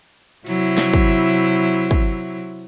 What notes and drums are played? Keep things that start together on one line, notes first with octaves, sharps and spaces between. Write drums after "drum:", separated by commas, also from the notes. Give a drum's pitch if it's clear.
C3 F#3 E4, drum: cymbal
drum: snare
drum: kick
drum: kick